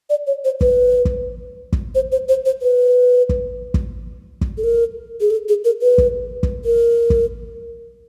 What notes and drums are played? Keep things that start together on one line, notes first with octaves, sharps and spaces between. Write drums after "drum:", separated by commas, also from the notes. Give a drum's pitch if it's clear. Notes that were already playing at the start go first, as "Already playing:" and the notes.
D5
C#5
C5
B4, drum: kick
drum: kick
drum: kick
C5
C5
C5
C5
B4
drum: kick
drum: kick
drum: kick
A4
A#4
G#4
A4
G#4
A#4
B4
drum: kick
drum: kick
A#4
drum: kick